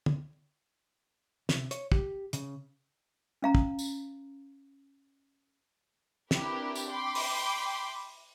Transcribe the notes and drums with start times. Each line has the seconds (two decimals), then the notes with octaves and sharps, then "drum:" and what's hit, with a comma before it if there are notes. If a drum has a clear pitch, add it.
0.06 drum: tom
1.49 C3, drum: snare
1.71 C#5, drum: hi-hat
1.92 G4, drum: kick
2.33 C#3, drum: hi-hat
3.42 C#4 F5 A#5
3.55 drum: kick
3.79 drum: tambourine
6.31 C4 D4 E4 G4 A#4 B4, drum: snare
6.75 drum: tambourine
6.87 G5 B5 C6 D6
7.15 drum: open hi-hat